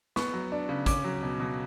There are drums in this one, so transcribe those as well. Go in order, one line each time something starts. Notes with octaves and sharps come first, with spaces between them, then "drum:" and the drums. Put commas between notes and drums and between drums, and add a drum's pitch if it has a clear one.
B3 C#6, drum: snare
F#3
D4
C#3
C#4 D6, drum: kick, hi-hat
F#3
B2
B2